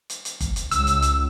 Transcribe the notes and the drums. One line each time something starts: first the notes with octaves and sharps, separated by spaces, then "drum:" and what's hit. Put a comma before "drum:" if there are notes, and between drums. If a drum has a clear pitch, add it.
drum: hi-hat
drum: hi-hat
drum: kick G1, hi-hat
drum: hi-hat
C#2 E6, drum: hi-hat
drum: hi-hat
drum: hi-hat